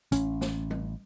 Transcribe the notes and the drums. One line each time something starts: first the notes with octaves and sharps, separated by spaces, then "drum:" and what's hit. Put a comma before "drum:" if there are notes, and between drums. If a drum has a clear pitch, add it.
A1 C#4, drum: hi-hat
drum: snare
drum: tom G3